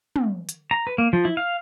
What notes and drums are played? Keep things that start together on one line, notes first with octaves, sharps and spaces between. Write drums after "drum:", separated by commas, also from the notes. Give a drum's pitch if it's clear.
drum: tom
drum: hi-hat
A#5
B4
A#3
F3
E4
F5